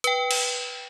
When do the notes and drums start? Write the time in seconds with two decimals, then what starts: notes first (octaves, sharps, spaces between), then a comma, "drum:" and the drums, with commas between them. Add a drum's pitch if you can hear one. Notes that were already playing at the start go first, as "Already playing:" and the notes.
0.04 B4 G5, drum: hi-hat
0.31 drum: cymbal